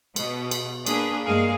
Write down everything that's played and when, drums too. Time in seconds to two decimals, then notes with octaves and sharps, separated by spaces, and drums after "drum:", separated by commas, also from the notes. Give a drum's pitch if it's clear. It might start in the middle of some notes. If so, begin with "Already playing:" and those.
0.16 B2, drum: cymbal
0.51 drum: cymbal
0.86 A#3 D4 G#4 B4, drum: cymbal
1.24 G2 G#3 A#3 G#4 A#4 F5